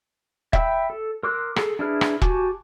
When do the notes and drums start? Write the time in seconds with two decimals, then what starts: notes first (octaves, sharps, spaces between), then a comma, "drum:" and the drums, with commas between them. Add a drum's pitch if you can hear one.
0.53 E5 G5 B5 E6, drum: kick E1
0.90 A4
1.23 A#4 C6 D6 E6 F#6
1.56 G#4 A4, drum: rim click
1.79 D4 E4 G#4 B4 F6
2.01 drum: rim click
2.22 F#4 G4 G#5 A5 D6, drum: kick E1